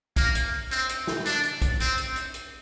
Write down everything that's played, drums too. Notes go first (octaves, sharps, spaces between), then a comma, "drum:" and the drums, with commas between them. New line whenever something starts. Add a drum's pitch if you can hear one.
A#3, drum: kick B1, hi-hat
drum: hi-hat
C4, drum: hi-hat
drum: hi-hat
drum: snare
D4, drum: hi-hat
drum: hi-hat
drum: kick B1, hi-hat
C4, drum: hi-hat
drum: hi-hat
drum: hi-hat
drum: hi-hat